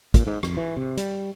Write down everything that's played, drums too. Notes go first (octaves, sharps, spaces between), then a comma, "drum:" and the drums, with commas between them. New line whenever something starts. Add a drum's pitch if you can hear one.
A#2, drum: kick, hi-hat
G#2
F2, drum: rim click
E3
C3
G3, drum: hi-hat